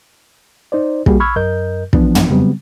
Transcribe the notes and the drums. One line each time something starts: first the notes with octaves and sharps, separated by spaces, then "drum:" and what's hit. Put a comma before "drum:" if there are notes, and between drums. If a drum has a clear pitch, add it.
D#4 C5 D5
G3 A#3 F#4 G#4, drum: kick
B5 C#6 E6 F6 G#6
F#2 A#4 D#5 G6
E3 F3 B3 D4, drum: kick
drum: tom
C#3 F#3 G3 B3 C4